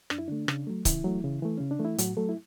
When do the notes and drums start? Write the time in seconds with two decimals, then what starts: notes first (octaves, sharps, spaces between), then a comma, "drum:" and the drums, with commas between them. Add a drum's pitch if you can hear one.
0.10 F#2 D4, drum: rim click
0.18 E4
0.28 D3 A3 D4
0.48 C#3, drum: rim click
0.67 F#3 A3
0.85 C#3 E3 E4, drum: kick C#1, hi-hat
1.04 F#3 A3
1.24 C#3
1.42 E3 A3
1.58 C#3 C#4
1.71 D4
1.80 E3 A3
1.85 E4
1.98 A2 F#3 F#4, drum: hi-hat
2.17 F#3 A3 A4
2.29 E4